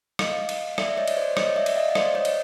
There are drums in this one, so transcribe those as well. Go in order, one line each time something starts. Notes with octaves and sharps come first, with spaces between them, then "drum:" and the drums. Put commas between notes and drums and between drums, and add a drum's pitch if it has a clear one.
D#5 F5, drum: rim click
drum: cymbal
D5 E5, drum: rim click
C#5 D#5
drum: cymbal
C5 D5
C#5 D#5, drum: rim click
D5 E5
drum: cymbal
D#5 F5
D#5
C5 D5, drum: rim click
C#5 D#5
drum: cymbal